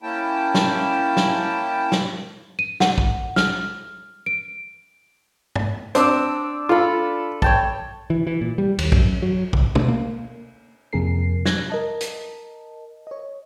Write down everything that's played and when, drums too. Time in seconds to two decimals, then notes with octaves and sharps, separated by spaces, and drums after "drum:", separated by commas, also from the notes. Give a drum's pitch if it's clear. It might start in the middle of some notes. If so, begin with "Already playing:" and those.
0.03 A#3 C#4 E4 G5 A5
0.55 drum: snare
1.17 drum: snare
1.92 drum: snare
2.59 D#7
2.80 F#5, drum: snare
2.98 drum: kick
3.36 F6, drum: snare
4.26 D7
5.55 drum: tom
5.95 C4 D4 D6 E6, drum: hi-hat
6.69 F4 A4 B5
7.42 C#5 G5 A5, drum: kick
8.10 E3
8.27 E3
8.41 A#2
8.58 G3
8.78 D#2, drum: cymbal
8.92 F#2, drum: kick
9.22 F#3
9.53 C#2, drum: kick
9.75 D2, drum: tom
9.88 A#3
10.93 F2 C3 A#3 G#4 A#4 C7
11.46 F#6 G#6 A#6, drum: snare
11.70 A#4 D#5 A5
12.00 drum: hi-hat
13.07 C#5 D#5